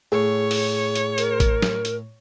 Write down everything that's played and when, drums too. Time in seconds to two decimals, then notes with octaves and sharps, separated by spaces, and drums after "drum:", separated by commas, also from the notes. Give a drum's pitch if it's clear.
0.12 A2 G#4 C#5
0.51 drum: open hi-hat
0.95 drum: hi-hat
1.18 A#4, drum: hi-hat
1.40 drum: kick A1, hi-hat
1.62 drum: snare F#3
1.85 drum: hi-hat